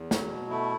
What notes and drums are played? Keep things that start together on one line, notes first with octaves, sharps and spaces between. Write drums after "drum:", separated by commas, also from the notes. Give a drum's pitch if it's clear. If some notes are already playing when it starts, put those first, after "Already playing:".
Already playing: E2
F#3, drum: snare
B2
A3 E4